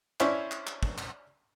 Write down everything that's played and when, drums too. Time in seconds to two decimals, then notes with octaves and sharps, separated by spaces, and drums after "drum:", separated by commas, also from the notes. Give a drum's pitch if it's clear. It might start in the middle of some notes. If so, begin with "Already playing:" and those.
0.20 C#4 D4 E4 C5 C#5, drum: clap
0.51 drum: clap
0.67 drum: clap
0.83 drum: kick
0.98 drum: clap